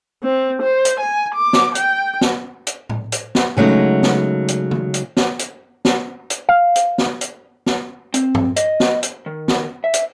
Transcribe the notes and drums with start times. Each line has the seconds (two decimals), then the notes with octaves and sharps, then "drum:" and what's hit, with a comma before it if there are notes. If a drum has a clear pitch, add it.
0.23 C4
0.62 C5
0.85 drum: hi-hat
1.00 G#5
1.35 D6
1.53 drum: snare
1.75 G5, drum: hi-hat
2.21 drum: snare
2.67 drum: hi-hat
2.89 drum: tom A2
3.12 drum: hi-hat
3.35 drum: snare
3.57 C#3 F#3 G#3 A3 D#4
4.03 drum: snare
4.48 drum: hi-hat
4.71 drum: tom
4.94 drum: hi-hat
5.17 drum: snare
5.39 drum: hi-hat
5.85 drum: snare
6.30 drum: hi-hat
6.49 F5
6.76 drum: hi-hat
6.98 drum: snare
7.21 drum: hi-hat
7.66 drum: snare
8.14 C4, drum: hi-hat
8.35 drum: tom G2
8.56 D#5, drum: hi-hat
8.80 drum: snare
9.03 drum: hi-hat
9.26 D#3
9.48 drum: snare
9.84 E5
9.94 drum: hi-hat